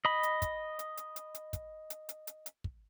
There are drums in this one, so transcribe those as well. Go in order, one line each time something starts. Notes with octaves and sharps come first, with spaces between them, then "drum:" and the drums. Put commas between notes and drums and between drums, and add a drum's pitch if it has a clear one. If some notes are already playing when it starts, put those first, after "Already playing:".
D#5 B5
drum: hi-hat
drum: kick, hi-hat
drum: hi-hat
drum: hi-hat
drum: hi-hat
drum: hi-hat
drum: kick, hi-hat
drum: hi-hat
drum: hi-hat
drum: hi-hat
drum: hi-hat
drum: kick